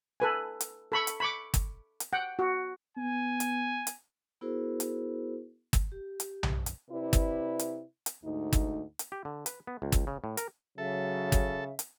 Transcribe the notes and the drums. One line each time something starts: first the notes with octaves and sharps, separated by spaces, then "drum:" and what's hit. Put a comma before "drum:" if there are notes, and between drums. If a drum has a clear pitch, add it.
A4 B4 G#5
drum: hi-hat
A4 B5 C#6
drum: hi-hat
B5 C#6 D6
drum: kick, hi-hat
drum: hi-hat
F#5 G5
F#4
B3 G#5
drum: hi-hat
drum: hi-hat
B3 E4 F#4 G#4 A#4 C5
drum: hi-hat
drum: kick, hi-hat
G4
drum: hi-hat
drum: tom B1
drum: hi-hat
C3 E4 B4 D5
drum: kick, hi-hat
drum: hi-hat
drum: hi-hat
D2 G#2 D#4
drum: kick, hi-hat
drum: hi-hat
G4
D3
B4, drum: hi-hat
B3
C#2
drum: kick, hi-hat
C#3
A2
A#4, drum: hi-hat
C#3 F#3 A4 E5
drum: kick, hi-hat
drum: hi-hat